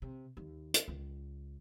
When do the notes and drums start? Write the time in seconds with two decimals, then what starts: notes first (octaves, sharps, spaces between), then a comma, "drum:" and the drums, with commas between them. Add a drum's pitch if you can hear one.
0.02 C3
0.37 D#2
0.74 drum: hi-hat
0.88 C#2